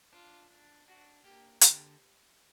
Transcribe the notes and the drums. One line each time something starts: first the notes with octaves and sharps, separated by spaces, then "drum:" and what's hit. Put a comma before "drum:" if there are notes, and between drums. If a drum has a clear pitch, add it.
D4 F4
D4
D4 F#4
A#3 G4
D3 G4, drum: hi-hat